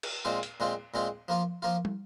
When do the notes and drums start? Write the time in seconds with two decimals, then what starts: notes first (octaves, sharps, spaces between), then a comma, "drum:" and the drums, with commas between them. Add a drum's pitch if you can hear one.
0.03 drum: cymbal
0.25 A#2 G#3 C4 F4
0.43 drum: hi-hat
0.60 A#2 G#3 C4 F4
0.94 A#2 G#3 C4 F4
1.28 F3 A#3 F4
1.62 F3 A#3 F4
1.85 drum: tom